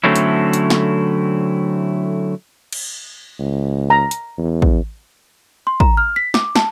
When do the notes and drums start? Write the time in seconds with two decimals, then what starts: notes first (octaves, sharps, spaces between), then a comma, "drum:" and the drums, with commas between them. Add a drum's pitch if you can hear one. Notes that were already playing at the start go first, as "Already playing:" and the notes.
0.04 D3 F#3 A3 C4 C#4 E4
0.16 drum: hi-hat
0.53 drum: hi-hat
0.70 drum: snare
2.72 drum: cymbal
3.40 C#2
3.90 A#5
4.11 drum: hi-hat
4.38 E2
4.62 drum: kick
5.67 C6
5.80 A#5, drum: kick
5.97 F6
6.16 B6
6.34 D6, drum: snare
6.56 A5, drum: snare